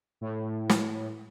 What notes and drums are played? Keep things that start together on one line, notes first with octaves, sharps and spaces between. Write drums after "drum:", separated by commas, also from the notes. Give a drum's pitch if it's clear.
A2
drum: snare